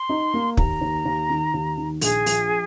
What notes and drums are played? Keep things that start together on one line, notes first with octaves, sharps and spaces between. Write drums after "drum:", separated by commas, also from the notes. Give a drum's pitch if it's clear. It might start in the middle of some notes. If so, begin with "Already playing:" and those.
Already playing: C6
D#4
A#3
D#2 A#5, drum: kick
D#2
D#2
D#3
D#2
D#3
A#1 G#4, drum: open hi-hat
F3, drum: open hi-hat